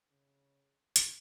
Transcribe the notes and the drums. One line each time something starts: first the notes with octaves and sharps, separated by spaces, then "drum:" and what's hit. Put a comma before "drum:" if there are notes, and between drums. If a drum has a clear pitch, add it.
C#3
drum: hi-hat